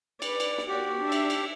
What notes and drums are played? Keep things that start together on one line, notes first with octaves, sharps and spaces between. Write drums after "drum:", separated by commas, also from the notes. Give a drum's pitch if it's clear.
B4 D5, drum: cymbal
drum: cymbal
drum: snare
A#3 F#4 G4 D5
D4 E5
drum: cymbal
drum: cymbal